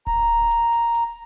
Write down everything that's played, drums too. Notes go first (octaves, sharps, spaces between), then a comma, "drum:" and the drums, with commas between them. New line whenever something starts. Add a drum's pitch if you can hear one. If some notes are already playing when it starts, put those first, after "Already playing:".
A#5, drum: kick D1
drum: hi-hat
drum: hi-hat
drum: hi-hat